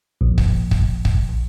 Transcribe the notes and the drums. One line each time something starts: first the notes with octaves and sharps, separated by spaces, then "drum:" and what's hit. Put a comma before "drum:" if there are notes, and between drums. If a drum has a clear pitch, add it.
A#1
drum: kick
drum: kick
drum: kick